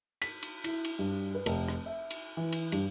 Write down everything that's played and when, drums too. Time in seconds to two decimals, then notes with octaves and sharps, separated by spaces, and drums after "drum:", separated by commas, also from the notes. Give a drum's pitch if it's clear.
0.22 B6, drum: cymbal
0.43 drum: cymbal
0.64 E4, drum: cymbal
0.85 drum: cymbal
0.99 G2
1.35 B4
1.46 F1, drum: cymbal
1.68 drum: rim click
1.86 E5
2.10 drum: cymbal
2.37 E3
2.52 drum: cymbal
2.72 G2, drum: cymbal